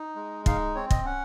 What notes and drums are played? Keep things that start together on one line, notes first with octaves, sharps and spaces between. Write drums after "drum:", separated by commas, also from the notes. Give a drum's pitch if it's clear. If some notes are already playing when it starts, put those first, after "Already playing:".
Already playing: D#4
G#3
D#4 F5, drum: kick
C4 C#5
D#5, drum: kick
C#4 F#5